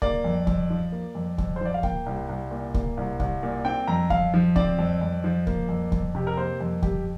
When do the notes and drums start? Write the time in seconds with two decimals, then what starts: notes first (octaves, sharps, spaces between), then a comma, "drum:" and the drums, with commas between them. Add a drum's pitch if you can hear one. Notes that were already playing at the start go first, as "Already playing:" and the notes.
0.02 A#3 D5, drum: kick C#2
0.24 F2
0.47 F2, drum: kick C#2
0.70 F3
0.92 A#3
1.15 F2
1.38 F2, drum: kick C#2
1.56 C5
1.61 F3 D5
1.74 F5
1.83 A#3 G5, drum: kick C#2
2.06 C2
2.29 C2
2.51 A#2
2.74 A#3, drum: kick C#2
2.97 C2
3.20 C2, drum: kick C#2
3.43 A#2
3.65 C4 G5
3.87 F2 A#5
4.10 F2 F5, drum: kick C#2
4.34 F3
4.56 C4 D5, drum: kick C#2
4.79 F2
5.01 F2
5.24 F3
5.47 A#3, drum: kick C#2
5.69 F2
5.92 F2, drum: kick C#2
6.15 C3 G4
6.27 A#4
6.37 A#3 C5
6.61 F2
6.82 F2 G4, drum: kick C#2